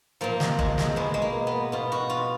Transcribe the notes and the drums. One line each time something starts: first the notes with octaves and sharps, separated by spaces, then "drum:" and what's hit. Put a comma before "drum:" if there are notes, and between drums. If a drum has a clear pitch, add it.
A#2 F3 A#3
drum: snare
G#3, drum: kick
drum: snare
B2 G#3
G#3
A#3
B3
B2 F4
F#4
F4